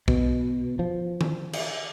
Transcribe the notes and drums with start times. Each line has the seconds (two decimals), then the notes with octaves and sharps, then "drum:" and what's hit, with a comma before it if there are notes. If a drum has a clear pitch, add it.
0.08 B2, drum: kick B1
0.79 F3
1.21 drum: tom D#3
1.53 drum: cymbal